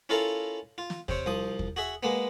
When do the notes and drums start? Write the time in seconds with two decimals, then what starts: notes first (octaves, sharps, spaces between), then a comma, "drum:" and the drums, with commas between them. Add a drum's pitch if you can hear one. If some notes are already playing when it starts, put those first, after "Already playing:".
0.09 C#4 E4 F4 A4 A#4 F5
0.78 F4
0.90 drum: snare
1.08 C3 C4 C#5, drum: kick
1.26 C2 F3 D#6
1.59 drum: kick
1.76 F#4 G#4 E5
2.03 G#3 A#3 B3